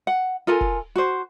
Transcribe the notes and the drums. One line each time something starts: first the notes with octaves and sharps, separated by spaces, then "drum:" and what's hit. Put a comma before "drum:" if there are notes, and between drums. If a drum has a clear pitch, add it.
F#5
F4 A4 A#4 G#5
drum: kick
F#4 C5